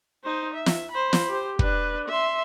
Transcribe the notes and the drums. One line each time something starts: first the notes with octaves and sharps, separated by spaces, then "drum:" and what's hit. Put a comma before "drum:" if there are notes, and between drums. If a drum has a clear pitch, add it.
D#4 C5
E5
drum: snare
C5 B5
drum: snare
G4 C5
D4 B4, drum: kick
E5 C6